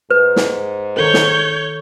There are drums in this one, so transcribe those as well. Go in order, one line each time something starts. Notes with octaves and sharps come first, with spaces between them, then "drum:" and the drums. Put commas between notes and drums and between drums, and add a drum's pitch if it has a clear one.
G#2 B4
drum: snare
D#3 A4 A#4 C#5 G6
drum: snare